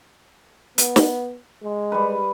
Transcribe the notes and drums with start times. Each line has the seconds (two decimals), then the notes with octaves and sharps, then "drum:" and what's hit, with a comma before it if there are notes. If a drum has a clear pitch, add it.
0.78 B3, drum: hi-hat
0.96 drum: snare
1.62 G#3
1.92 G3 B4